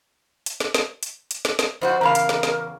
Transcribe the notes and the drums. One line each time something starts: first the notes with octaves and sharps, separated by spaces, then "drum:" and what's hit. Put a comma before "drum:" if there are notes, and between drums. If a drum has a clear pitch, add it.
drum: hi-hat
drum: snare
drum: snare
drum: hi-hat
drum: hi-hat
drum: snare
drum: snare
F2 F4 F#4 C5
E2 C#3 A#4 F5 A#5 B5
drum: hi-hat
drum: snare
drum: snare